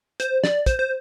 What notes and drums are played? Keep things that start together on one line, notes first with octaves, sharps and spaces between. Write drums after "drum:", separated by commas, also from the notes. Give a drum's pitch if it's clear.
C5, drum: hi-hat
D5, drum: snare
C5, drum: kick, hi-hat
C5